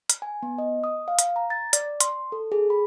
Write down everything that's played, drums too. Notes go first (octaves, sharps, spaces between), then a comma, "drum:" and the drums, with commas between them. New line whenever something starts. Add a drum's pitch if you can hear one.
drum: hi-hat
G#5
B3
D#5
D#6
F5
drum: hi-hat
A#5
A6
D5, drum: hi-hat
C6, drum: hi-hat
A4
G#4
B5